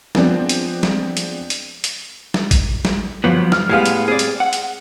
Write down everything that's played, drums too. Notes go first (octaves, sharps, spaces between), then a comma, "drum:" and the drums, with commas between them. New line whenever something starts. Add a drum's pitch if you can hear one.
F3 G#3 B3 C4 D4, drum: snare
drum: hi-hat
drum: snare
drum: hi-hat
drum: hi-hat
drum: hi-hat
drum: snare
drum: kick, hi-hat
drum: snare
G1 F3 F#3 B3
F6, drum: snare
A2 G3 G#3 B3 F5
drum: hi-hat
C4 G#4 D5
drum: hi-hat
F#5
drum: hi-hat